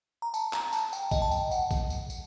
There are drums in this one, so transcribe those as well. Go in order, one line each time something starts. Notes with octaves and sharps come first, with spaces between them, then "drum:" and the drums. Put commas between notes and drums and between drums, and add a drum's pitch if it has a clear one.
A#5
A5, drum: tambourine
A#5, drum: clap
A5, drum: tambourine
G5, drum: tambourine
D#5, drum: kick, tambourine
A5
G5, drum: tambourine
F#5, drum: tambourine
drum: kick, tambourine
drum: tambourine
drum: tambourine